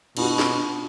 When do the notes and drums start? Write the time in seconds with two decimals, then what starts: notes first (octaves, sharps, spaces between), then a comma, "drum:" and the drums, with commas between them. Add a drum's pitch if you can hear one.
0.17 B2 D4 F4 G4, drum: cymbal
0.39 drum: snare